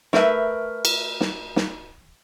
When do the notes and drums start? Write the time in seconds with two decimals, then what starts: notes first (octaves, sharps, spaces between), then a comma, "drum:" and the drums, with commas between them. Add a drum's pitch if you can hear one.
0.13 A3 A#4 B4 E5, drum: snare
0.85 drum: cymbal
1.21 drum: snare
1.56 drum: snare